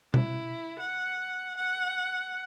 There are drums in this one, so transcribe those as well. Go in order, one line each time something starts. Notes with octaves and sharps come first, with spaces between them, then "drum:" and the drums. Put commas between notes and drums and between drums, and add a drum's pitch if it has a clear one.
E4, drum: tom B2
F#5
F#5